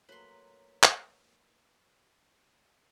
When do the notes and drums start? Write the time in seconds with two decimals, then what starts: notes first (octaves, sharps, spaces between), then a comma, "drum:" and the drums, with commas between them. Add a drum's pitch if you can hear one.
0.09 F#3 A3 A#3 B4 C6
0.83 drum: clap